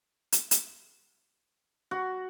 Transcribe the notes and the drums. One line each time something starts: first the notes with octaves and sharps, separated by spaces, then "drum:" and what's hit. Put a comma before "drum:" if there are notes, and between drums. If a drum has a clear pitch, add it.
drum: hi-hat
drum: hi-hat
F#4